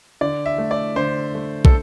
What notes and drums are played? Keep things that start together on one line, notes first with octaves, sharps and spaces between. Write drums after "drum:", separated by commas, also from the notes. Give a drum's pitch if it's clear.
D3 D5
E5
A3
D5
D3 C5
A3
A4, drum: kick